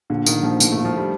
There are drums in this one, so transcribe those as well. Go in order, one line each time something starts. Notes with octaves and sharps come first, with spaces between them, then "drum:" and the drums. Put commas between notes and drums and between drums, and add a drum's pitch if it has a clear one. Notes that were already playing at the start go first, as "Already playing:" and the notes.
A#1 D3
A#1 D#3, drum: tambourine
A#1 F3
A2, drum: tambourine
A#1 A3
F3
G3